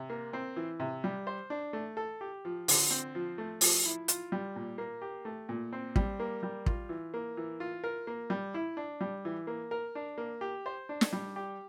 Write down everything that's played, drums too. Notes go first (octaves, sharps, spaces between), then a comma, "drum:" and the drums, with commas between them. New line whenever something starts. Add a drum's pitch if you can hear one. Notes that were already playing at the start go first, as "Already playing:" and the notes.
Already playing: C3
A#3
C4
E3
C3
G3
C5
D4
A3
A4
G4
F3
D3, drum: open hi-hat
C4
F3
A3
F3, drum: open hi-hat
E4
F4, drum: hi-hat
G3
A#2
A#3
G4
A3
A#2
C4
G3, drum: kick
A#3
G3
F4, drum: kick
E3
A#3
E3
F4
A#4
A#3
G3
E4
D4
G3
E3
A#3
A#4
D4
A#3
G4
C5
D4
drum: snare
G3
G4